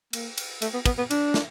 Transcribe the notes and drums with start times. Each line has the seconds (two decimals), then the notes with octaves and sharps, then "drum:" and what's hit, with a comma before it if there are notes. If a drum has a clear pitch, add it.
0.13 A#3, drum: cymbal
0.38 drum: cymbal
0.62 A3, drum: cymbal
0.74 B3
0.86 B3, drum: kick, cymbal
0.98 B3
1.11 D4, drum: cymbal
1.34 drum: snare